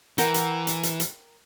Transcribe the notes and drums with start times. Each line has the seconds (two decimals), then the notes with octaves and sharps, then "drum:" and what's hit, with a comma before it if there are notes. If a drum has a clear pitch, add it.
0.18 E3 A#4 F#5 G5, drum: hi-hat
0.34 drum: hi-hat
0.67 drum: hi-hat
0.83 drum: hi-hat
1.00 drum: hi-hat